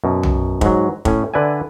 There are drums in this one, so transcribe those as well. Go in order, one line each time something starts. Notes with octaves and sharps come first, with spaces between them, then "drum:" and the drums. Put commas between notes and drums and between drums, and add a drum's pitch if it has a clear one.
F#2 B2
drum: tom B1
G#2 F#3, drum: kick
A2 C#4, drum: kick
D3 B4 D5 E5 G#5